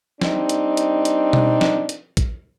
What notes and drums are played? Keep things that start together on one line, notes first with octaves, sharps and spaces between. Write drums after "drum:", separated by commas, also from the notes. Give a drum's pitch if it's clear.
G3 C4 D4 D#4, drum: snare
drum: hi-hat
drum: hi-hat
drum: hi-hat
drum: tom B2
drum: snare
drum: hi-hat
drum: kick, hi-hat